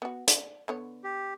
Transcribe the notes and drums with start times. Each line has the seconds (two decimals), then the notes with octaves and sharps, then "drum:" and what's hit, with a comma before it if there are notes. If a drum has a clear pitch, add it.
0.02 B3 F#4
0.28 D5, drum: hi-hat
0.68 D3 B3 C#5
1.04 G4